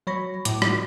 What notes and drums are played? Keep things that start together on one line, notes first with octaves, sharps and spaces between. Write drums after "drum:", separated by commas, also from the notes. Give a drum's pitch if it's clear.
F#3 C#5 B5 C#6 A#6
A2 D6, drum: hi-hat
drum: rim click